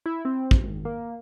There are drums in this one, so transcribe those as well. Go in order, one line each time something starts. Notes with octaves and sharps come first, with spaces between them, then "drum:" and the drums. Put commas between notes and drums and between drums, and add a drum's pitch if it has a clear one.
E4
C4
drum: kick
G#1
A#3